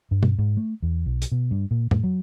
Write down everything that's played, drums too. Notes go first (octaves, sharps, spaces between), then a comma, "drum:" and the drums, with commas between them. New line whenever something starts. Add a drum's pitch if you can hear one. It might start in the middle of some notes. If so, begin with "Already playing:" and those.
G2
drum: tom B2
G#2
A3
E2
B1
drum: hi-hat
B2
G2
A#2
A2, drum: tom F2
F#3